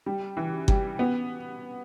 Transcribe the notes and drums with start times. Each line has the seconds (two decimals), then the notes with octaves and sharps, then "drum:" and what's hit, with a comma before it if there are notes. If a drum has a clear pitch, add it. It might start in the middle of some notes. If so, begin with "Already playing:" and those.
0.06 G3
0.37 E3
0.68 G3, drum: kick G1
0.99 B3